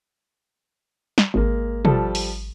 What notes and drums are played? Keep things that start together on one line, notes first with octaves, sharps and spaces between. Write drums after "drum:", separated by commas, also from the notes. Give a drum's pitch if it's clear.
drum: snare
G#1 G#3 A#3
F3 G3 A4, drum: tom B2
drum: open hi-hat